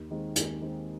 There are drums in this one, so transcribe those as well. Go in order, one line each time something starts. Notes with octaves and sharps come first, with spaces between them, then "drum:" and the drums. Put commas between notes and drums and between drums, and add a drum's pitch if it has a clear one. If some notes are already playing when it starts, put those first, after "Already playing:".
Already playing: D#2
D#3 G#3 C4
D#2 G#4, drum: hi-hat
D#3 G#3 C4